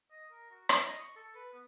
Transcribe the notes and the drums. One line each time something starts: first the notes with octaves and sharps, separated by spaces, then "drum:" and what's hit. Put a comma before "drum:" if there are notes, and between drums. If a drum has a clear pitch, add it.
D#5
A#4
F#4
E4, drum: rim click
D#5
C#6
A4
B4
B3